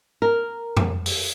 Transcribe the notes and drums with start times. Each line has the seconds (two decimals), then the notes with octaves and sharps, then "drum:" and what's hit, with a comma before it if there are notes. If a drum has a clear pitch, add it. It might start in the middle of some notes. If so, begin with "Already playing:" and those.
0.22 A#4
0.77 drum: tom F2
1.06 drum: open hi-hat